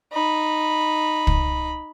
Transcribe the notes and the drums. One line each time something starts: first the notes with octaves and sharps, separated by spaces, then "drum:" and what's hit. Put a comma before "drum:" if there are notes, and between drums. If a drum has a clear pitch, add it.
D#4 B5
drum: kick